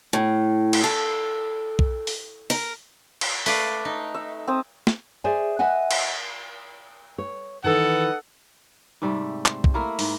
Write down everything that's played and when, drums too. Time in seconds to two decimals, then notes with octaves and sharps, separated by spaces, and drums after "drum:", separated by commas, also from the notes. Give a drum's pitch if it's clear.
0.13 A2
0.73 drum: cymbal
0.84 A4
1.79 drum: kick B1
2.07 drum: open hi-hat
2.50 A#4, drum: open hi-hat
3.21 drum: cymbal
3.46 A3 B4 D5 F5, drum: open hi-hat
3.85 D#4
4.14 E5
4.47 C4 A5 D#6
4.87 drum: snare
5.24 G#4 C5 D5 E5 G#5
5.59 B4 D#5 E5 F#5 G#5
5.91 drum: cymbal
7.18 C#5
7.64 D#3 E3 A4 D#5 F#5
9.02 G#2 C3 G3 A3
9.46 C5, drum: clap
9.64 drum: kick B1
9.74 A3 A#3 E4 A#4
9.99 G#2, drum: open hi-hat